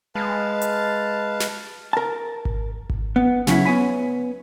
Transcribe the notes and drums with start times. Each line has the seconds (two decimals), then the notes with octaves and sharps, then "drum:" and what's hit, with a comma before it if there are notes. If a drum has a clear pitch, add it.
0.15 G#3 B4 F5 A5
0.62 drum: hi-hat
1.40 drum: snare
1.93 A#4 A5
2.45 drum: kick G#1
2.90 drum: kick G#1
3.16 B3
3.47 C#3 F#3 C4 C#4 E4, drum: snare
3.65 B3 C#5 G#5 B5